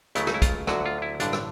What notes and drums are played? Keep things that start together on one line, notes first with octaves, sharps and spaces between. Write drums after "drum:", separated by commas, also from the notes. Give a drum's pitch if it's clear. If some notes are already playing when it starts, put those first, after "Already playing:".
C#2 C#3 F#3 A3 E4, drum: hi-hat
D#4, drum: rim click
E4
F4, drum: kick, hi-hat
D2 D3 F#3 F#4, drum: rim click
F4
E4
A1 G2 D3 D4, drum: hi-hat
drum: rim click